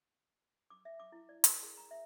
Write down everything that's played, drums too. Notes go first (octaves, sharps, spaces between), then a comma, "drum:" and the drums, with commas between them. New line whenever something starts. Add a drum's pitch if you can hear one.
D6
E5
D6
E4
D5
A#4, drum: hi-hat
G#4
A#5
E5